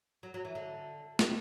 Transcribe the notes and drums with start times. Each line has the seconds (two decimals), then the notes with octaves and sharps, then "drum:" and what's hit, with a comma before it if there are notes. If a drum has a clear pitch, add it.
0.23 F#3
0.34 F#3
0.45 E3
0.55 D3
1.19 B2, drum: snare